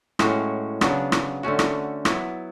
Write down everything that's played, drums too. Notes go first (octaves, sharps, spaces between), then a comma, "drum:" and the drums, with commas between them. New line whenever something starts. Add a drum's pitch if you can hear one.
A2 G#3 C#4 F#4, drum: rim click
C#3 F#3 B3 D4, drum: rim click
drum: rim click
D3 A3 C#4 F#4
drum: rim click
F#3 B3 E4, drum: rim click